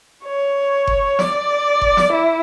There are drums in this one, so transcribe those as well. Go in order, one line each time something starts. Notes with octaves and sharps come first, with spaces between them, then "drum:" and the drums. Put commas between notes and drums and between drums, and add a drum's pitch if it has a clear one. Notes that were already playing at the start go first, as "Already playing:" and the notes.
C#5
drum: kick F#1
D5, drum: snare
drum: kick F#1
drum: snare
E4